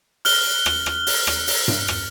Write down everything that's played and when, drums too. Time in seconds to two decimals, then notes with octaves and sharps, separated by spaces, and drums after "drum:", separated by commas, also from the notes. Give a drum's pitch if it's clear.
0.25 F6 F#6 G7, drum: open hi-hat
0.66 drum: rim click
0.86 drum: rim click
1.07 drum: open hi-hat
1.27 drum: rim click
1.47 drum: open hi-hat
1.68 drum: tom G2
1.88 drum: rim click